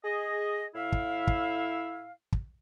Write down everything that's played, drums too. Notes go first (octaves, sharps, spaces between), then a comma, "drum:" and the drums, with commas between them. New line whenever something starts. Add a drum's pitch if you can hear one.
G#4 D#5
A2 E4 E5 F5
drum: kick
drum: kick
drum: kick